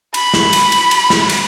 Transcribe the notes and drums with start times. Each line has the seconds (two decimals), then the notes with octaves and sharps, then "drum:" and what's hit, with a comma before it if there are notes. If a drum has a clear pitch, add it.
0.14 B5, drum: cymbal
0.34 drum: snare
0.53 drum: cymbal
0.72 drum: cymbal
0.91 drum: cymbal
1.10 drum: snare
1.29 drum: cymbal